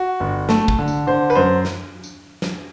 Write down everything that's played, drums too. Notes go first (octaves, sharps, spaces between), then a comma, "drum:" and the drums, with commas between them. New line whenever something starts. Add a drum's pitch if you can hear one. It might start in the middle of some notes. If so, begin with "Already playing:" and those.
Already playing: F#4
G1
A3, drum: snare
drum: kick
D3
drum: tambourine
D3 C5
B4
F#2 C5
drum: snare
drum: tambourine
drum: snare